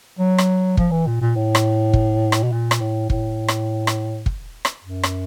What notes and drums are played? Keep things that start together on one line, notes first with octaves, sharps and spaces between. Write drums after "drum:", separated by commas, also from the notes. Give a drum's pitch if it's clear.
F#3
drum: rim click
F3, drum: kick
E3
A#2
A#2
A2
drum: rim click
drum: kick
drum: rim click
B2
A#2
drum: rim click
A2
A2, drum: kick
drum: rim click
drum: rim click
drum: kick
drum: rim click
F#2
drum: rim click